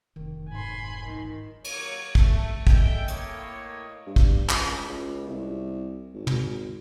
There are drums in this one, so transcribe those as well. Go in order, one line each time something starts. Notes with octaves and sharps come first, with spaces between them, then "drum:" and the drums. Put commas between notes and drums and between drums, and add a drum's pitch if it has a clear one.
F1 D#3
G#2 G#5 B5 C6
D#3 E3 F4
F#3 A#3 D#4 C#5, drum: cymbal
A3, drum: kick
G#4 A4 D#5 E5 G5, drum: kick
A2 A#3 C#5 D#5, drum: hi-hat
G2
drum: kick
C#2, drum: clap
C#2
C2
G#1
drum: tom